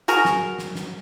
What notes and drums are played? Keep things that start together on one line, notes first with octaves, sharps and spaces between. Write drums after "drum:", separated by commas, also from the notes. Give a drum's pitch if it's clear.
F#4 G#4 A#4, drum: hi-hat
drum: snare
drum: snare
drum: snare